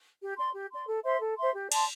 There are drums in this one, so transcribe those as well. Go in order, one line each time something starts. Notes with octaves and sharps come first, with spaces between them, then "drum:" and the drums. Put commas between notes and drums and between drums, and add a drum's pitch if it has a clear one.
G4
D5 C6
G4
D5 C6
A4
C5 E5 C6
A4
C5 E5 C6
G4
D5 A5 C6, drum: cymbal